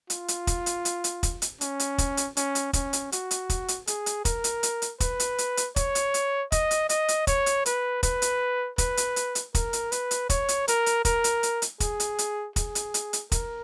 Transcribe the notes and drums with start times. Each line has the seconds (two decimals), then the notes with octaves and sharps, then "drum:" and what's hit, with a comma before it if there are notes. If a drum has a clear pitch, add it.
0.10 F4, drum: hi-hat
0.28 drum: hi-hat
0.47 drum: kick, hi-hat
0.66 drum: hi-hat
0.85 drum: hi-hat
1.04 drum: hi-hat
1.23 drum: kick, hi-hat
1.42 drum: hi-hat
1.61 C#4, drum: hi-hat
1.79 drum: hi-hat
1.98 drum: kick, hi-hat
2.17 drum: hi-hat
2.37 C#4, drum: hi-hat
2.55 drum: hi-hat
2.73 C#4, drum: kick, hi-hat
2.93 drum: hi-hat
3.12 F#4, drum: hi-hat
3.31 drum: hi-hat
3.50 drum: kick, hi-hat
3.68 drum: hi-hat
3.87 G#4, drum: hi-hat
4.06 drum: hi-hat
4.25 A#4, drum: kick, hi-hat
4.44 drum: hi-hat
4.63 drum: hi-hat
4.82 drum: hi-hat
5.00 B4, drum: kick, hi-hat
5.20 drum: hi-hat
5.38 drum: hi-hat
5.57 drum: hi-hat
5.76 C#5, drum: kick, hi-hat
5.95 drum: hi-hat
6.14 drum: hi-hat
6.52 D#5, drum: kick, hi-hat
6.71 drum: hi-hat
6.89 D#5, drum: hi-hat
7.08 drum: hi-hat
7.27 C#5, drum: kick, hi-hat
7.46 drum: hi-hat
7.66 B4, drum: hi-hat
8.03 B4, drum: kick, hi-hat
8.22 drum: hi-hat
8.78 B4, drum: kick, hi-hat
8.97 drum: hi-hat
9.16 drum: hi-hat
9.35 drum: hi-hat
9.55 A#4, drum: kick, hi-hat
9.73 drum: hi-hat
9.92 B4, drum: hi-hat
10.11 drum: hi-hat
10.30 C#5, drum: kick, hi-hat
10.48 drum: hi-hat
10.68 A#4, drum: hi-hat
10.86 drum: hi-hat
11.05 A#4, drum: kick, hi-hat
11.24 drum: hi-hat
11.43 drum: hi-hat
11.62 drum: hi-hat
11.80 G#4, drum: kick, hi-hat
12.00 drum: hi-hat
12.19 drum: hi-hat
12.56 G#4, drum: kick, hi-hat
12.75 drum: hi-hat
12.94 drum: hi-hat
13.13 drum: hi-hat
13.32 A#4, drum: kick, hi-hat